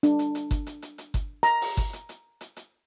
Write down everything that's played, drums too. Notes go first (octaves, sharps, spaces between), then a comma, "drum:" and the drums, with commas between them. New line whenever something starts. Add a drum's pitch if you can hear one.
D4, drum: hi-hat
drum: hi-hat
drum: hi-hat
drum: kick G1, hi-hat
drum: hi-hat
drum: hi-hat
drum: hi-hat
drum: kick G1, hi-hat
A#5, drum: hi-hat
drum: open hi-hat
drum: kick G1, hi-hat
drum: hi-hat
drum: hi-hat
drum: hi-hat
drum: hi-hat